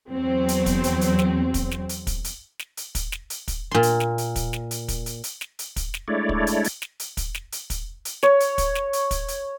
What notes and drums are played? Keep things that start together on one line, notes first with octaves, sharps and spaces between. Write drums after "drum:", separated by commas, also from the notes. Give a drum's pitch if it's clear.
E2 F#3 C4
drum: hi-hat
drum: kick, hi-hat
drum: hi-hat
drum: hi-hat
drum: snare
drum: kick, hi-hat
drum: snare
drum: hi-hat
drum: kick, hi-hat
drum: hi-hat
drum: snare
drum: hi-hat
drum: kick, hi-hat
drum: snare
drum: hi-hat
drum: kick, hi-hat
A#2 C6
drum: hi-hat
drum: snare
drum: hi-hat
drum: kick, hi-hat
drum: snare
drum: hi-hat
drum: kick, hi-hat
drum: hi-hat
drum: hi-hat
drum: snare
drum: hi-hat
drum: kick, hi-hat
drum: snare
G#3 A3 D4 E4 C#5 D5
drum: kick
drum: hi-hat
drum: hi-hat
drum: snare
drum: hi-hat
drum: kick, hi-hat
drum: snare
drum: hi-hat
drum: kick, hi-hat
drum: hi-hat
C#5, drum: snare
drum: hi-hat
drum: kick, hi-hat
drum: snare
drum: hi-hat
drum: kick, hi-hat
drum: hi-hat